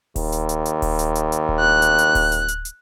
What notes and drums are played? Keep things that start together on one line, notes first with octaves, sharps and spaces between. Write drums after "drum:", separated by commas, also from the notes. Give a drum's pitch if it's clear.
D#2, drum: kick D1, open hi-hat
drum: hi-hat
drum: hi-hat
drum: hi-hat
drum: kick D1, open hi-hat
drum: hi-hat
drum: hi-hat
drum: hi-hat
drum: kick D1
F#6
drum: hi-hat
drum: hi-hat
drum: kick D1, open hi-hat
drum: hi-hat
drum: hi-hat
drum: hi-hat